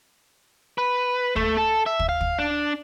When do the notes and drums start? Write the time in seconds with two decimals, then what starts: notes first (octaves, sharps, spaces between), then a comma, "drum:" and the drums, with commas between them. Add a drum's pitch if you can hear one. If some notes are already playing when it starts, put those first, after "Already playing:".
0.78 B4
1.36 A3, drum: kick
1.57 A4
1.86 E5
2.00 drum: kick
2.09 F5
2.21 drum: kick
2.39 D4